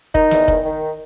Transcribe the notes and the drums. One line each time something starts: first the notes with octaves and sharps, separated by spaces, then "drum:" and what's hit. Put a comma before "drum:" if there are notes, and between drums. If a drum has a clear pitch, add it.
D#3 D#4, drum: kick
E2, drum: snare
D#3, drum: kick
D#3